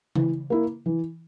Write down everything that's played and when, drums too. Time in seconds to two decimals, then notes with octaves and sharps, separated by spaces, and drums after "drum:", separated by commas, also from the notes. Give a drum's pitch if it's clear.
0.15 E3, drum: tom C#3
0.50 A#3 E4
0.86 E3